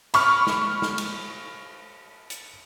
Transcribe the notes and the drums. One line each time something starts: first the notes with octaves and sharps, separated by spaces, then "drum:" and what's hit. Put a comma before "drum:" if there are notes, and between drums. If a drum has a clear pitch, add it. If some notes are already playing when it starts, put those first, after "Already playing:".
B5 C#6 F6, drum: cymbal
drum: snare
drum: snare
drum: cymbal
drum: hi-hat